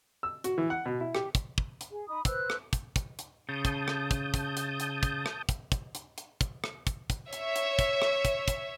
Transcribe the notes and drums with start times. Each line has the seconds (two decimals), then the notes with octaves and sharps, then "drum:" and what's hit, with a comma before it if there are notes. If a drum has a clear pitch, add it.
0.23 E6
0.44 F#4, drum: hi-hat
0.58 E3
0.70 F#5
0.86 B2
1.01 E4
1.15 G4, drum: rim click
1.35 drum: kick, hi-hat
1.58 drum: kick
1.81 drum: hi-hat
1.90 G#4
2.08 D#4 B5 D#6
2.25 B4 C5 E6 F#6, drum: kick, hi-hat
2.50 drum: rim click
2.73 drum: kick, hi-hat
2.96 drum: kick, hi-hat
3.19 drum: hi-hat
3.49 C#3 A5 D#6 G6
3.65 drum: kick, hi-hat
3.88 drum: rim click
4.11 drum: kick, hi-hat
4.34 drum: kick, hi-hat
4.57 drum: hi-hat
4.80 drum: hi-hat
5.03 drum: kick, hi-hat
5.26 drum: rim click
5.49 drum: kick, hi-hat
5.72 drum: kick, hi-hat
5.95 drum: hi-hat
6.18 drum: hi-hat
6.41 drum: kick, hi-hat
6.64 drum: rim click
6.87 drum: kick, hi-hat
7.10 drum: kick, hi-hat
7.33 C#5 E5, drum: hi-hat
7.56 drum: hi-hat
7.79 drum: kick, hi-hat
8.02 drum: rim click
8.25 drum: kick, hi-hat
8.48 drum: kick, hi-hat